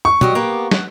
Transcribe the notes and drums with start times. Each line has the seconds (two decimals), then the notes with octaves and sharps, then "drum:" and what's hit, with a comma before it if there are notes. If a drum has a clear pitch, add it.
0.05 C#6
0.21 F#3 G3 D#5, drum: tom B2
0.35 A#3 B3 G4
0.71 F#5, drum: snare